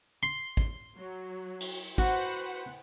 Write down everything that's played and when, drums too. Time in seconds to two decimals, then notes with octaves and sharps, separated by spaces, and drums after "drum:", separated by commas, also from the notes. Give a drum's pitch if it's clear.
0.23 C6
0.57 drum: kick
0.98 F#3
1.61 drum: cymbal
1.98 F#4 B4 C5 F#5, drum: kick